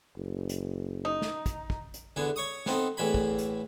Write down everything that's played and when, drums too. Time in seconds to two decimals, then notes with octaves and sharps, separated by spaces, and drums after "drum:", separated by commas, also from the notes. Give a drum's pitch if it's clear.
0.17 F#1
0.49 drum: hi-hat
1.05 D#4
1.22 drum: snare
1.46 drum: kick, hi-hat
1.70 drum: kick
1.94 drum: hi-hat
2.16 E2 D3 B3 G#5
2.36 C#5 C#6 D#6
2.66 B3 C4 D#4 A4, drum: snare
2.97 E2 A2 E3 G5 G#5 B5
3.14 drum: kick
3.38 drum: hi-hat